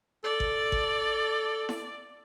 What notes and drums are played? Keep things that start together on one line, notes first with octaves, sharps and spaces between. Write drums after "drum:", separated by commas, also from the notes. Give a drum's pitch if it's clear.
A4 D5
drum: kick G#1
drum: kick G#1
drum: snare E4